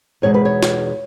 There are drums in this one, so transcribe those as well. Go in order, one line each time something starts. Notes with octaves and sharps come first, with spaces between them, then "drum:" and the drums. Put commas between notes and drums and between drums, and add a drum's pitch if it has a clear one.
E2 B2 G#3 D#4 C#5
B4
C#5
drum: snare